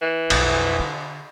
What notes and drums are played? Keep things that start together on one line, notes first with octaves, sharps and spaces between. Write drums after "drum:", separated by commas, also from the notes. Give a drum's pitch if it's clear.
E3
B1 F2, drum: cymbal
D3